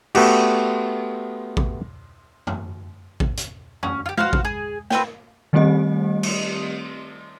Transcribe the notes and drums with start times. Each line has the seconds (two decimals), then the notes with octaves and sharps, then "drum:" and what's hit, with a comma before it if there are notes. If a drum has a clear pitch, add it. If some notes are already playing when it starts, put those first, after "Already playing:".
0.15 A3 B3 F#4 G4, drum: cymbal
1.57 drum: kick A1
2.47 drum: tom F#2
3.20 drum: kick A1
3.37 drum: hi-hat
3.83 C#4, drum: tom F#2
4.06 F4 G4
4.17 F#4 C5 F5, drum: tom G#3
4.33 drum: kick A1
4.45 G#4
4.90 C4 B4 G5, drum: snare
5.53 D#3 G3 A3 C4 G4 D#5
6.23 drum: cymbal